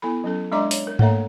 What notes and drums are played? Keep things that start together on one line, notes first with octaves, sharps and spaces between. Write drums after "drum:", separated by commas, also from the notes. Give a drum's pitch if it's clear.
B3 E4 A4 B5
F#3 C#4 A4
G#3 D4 D5 D#5 A#5 D6
C#5, drum: open hi-hat
A#4
A3 A#3 A4 C#5 E5 A#5, drum: tom G#2